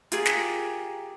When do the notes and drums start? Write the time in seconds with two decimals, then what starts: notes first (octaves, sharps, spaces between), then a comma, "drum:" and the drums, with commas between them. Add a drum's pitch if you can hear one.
0.12 F4 G4 G#4 A#4, drum: hi-hat
0.25 drum: snare